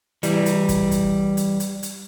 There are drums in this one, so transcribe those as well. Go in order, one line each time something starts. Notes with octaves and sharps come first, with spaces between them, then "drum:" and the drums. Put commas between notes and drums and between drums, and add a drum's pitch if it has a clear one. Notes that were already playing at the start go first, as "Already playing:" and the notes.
E3 G3, drum: hi-hat
drum: hi-hat
drum: kick, hi-hat
drum: kick, hi-hat
drum: hi-hat
drum: hi-hat
drum: hi-hat